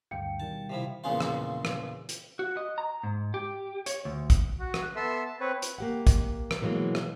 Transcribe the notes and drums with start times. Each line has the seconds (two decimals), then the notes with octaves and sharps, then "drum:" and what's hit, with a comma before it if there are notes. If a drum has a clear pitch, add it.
0.11 D2 G2 D3 F5 G5 C#7
0.40 B2 D#3 G3 A5
0.69 C3 F3 E4
1.04 A#1 E2 C#3 G#3 C#4 F4
1.20 drum: rim click
1.65 drum: rim click
2.09 drum: hi-hat
2.39 F#4
2.57 D#5
2.78 A#5
3.03 G#2
3.34 G4
3.86 C#5, drum: hi-hat
4.05 D2
4.30 drum: kick, hi-hat
4.59 F#4
4.74 drum: rim click
4.96 B3 A4 E5 C6 E6
5.26 A5
5.40 C4 B4 C#5
5.62 drum: hi-hat
5.78 A#3 G4 F#5
6.07 drum: kick, hi-hat
6.51 drum: rim click
6.62 B2 E3 F#3 G#3 A#3
6.95 drum: rim click